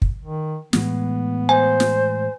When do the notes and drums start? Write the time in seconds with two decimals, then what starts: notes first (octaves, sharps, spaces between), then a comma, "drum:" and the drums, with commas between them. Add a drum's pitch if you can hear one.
0.02 drum: kick
0.25 D#3
0.73 A2 E3 G#3 B3, drum: snare
1.49 C5 G#5
1.80 drum: snare